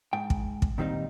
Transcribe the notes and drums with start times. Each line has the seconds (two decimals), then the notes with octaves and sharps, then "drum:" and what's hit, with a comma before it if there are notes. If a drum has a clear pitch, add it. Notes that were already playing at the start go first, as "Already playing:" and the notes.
0.13 G#2 G5
0.30 drum: kick
0.62 drum: kick
0.78 A#2 D#3 G3 C4 D#4